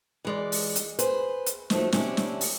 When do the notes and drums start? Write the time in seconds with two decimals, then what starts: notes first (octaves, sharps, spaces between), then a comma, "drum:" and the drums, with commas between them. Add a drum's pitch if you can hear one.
0.25 E3 G#3 D5
0.52 drum: open hi-hat
0.76 drum: hi-hat
0.99 G#4 B4 C5, drum: hi-hat
1.46 drum: hi-hat
1.70 D#3 F3 F#3 A3, drum: snare
1.92 C3 C#4 D4 E4, drum: snare
2.17 drum: snare
2.41 drum: open hi-hat